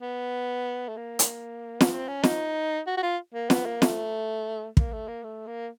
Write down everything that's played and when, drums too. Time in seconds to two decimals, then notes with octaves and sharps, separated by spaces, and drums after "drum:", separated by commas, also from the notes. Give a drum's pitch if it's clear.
0.01 B3
0.88 A3
0.97 A#3
1.19 drum: hi-hat
1.81 B3, drum: snare
1.91 C4
2.08 C#4
2.23 D#4, drum: snare
2.87 F#4
2.97 F#4
3.03 F4
3.34 A#3
3.50 B3, drum: snare
3.66 A#3
3.82 A3, drum: snare
4.77 A#3, drum: kick
4.92 A3
5.08 A#3
5.24 A3
5.47 A#3